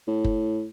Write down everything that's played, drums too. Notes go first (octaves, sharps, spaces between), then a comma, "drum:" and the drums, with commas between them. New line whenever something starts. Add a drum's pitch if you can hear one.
A2
drum: kick F#1